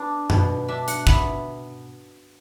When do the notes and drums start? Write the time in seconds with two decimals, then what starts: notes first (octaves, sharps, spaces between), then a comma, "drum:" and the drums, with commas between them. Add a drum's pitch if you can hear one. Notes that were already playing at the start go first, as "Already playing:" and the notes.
Already playing: B3 D4
0.30 B2, drum: tom F#2
0.68 D4 E5
0.88 F#5, drum: hi-hat
1.07 B3 E5, drum: kick